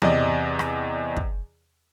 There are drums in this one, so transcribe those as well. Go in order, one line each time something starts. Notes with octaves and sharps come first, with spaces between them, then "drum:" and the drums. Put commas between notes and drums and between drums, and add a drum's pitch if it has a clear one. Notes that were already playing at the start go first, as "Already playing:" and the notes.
E2 C3 D5 D#5, drum: tom E3
drum: rim click
drum: kick